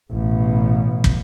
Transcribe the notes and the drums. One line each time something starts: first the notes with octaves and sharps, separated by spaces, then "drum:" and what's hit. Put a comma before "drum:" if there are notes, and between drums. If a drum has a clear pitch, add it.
A1 B2
drum: kick